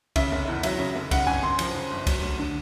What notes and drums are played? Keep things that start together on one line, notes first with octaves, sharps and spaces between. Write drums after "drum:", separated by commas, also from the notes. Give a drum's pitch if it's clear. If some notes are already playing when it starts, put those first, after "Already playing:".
C#3 E5, drum: kick C2, cymbal
F1
E2
F#3 E5, drum: cymbal
C#3
F1
C#3 F#5, drum: kick C2, cymbal
G1 G#5
F#2 C6
F3, drum: cymbal
C#3
G1
F#3, drum: kick C2, cymbal
D2
D3